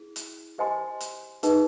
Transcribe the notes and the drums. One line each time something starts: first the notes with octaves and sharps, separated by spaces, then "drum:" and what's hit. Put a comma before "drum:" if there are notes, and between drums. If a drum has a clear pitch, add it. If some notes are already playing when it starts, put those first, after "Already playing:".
Already playing: E4 G#4
drum: hi-hat
G4 C5 D#5 G#5 C6
drum: hi-hat
D#4 G#4 B4 D#5, drum: hi-hat